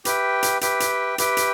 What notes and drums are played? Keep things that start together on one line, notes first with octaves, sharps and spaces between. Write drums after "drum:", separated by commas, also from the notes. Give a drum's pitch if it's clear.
G4 B4 E5 G5, drum: hi-hat
drum: hi-hat
G4 B4 E5 G5, drum: hi-hat
drum: hi-hat
G4 B4 E5 G5, drum: hi-hat
drum: hi-hat